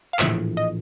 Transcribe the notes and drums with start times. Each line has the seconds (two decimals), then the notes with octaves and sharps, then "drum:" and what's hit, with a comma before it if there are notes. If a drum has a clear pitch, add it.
0.13 F5
0.19 A#1 A2 E3 A3 E5, drum: clap
0.57 D#5